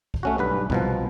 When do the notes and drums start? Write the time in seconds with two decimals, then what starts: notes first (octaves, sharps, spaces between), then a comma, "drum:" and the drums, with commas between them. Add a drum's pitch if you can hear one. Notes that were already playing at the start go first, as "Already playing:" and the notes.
0.14 drum: kick B1
0.23 A3 C#4 F#4
0.38 B1 G2 B4
0.70 C2 B2 F3, drum: kick B1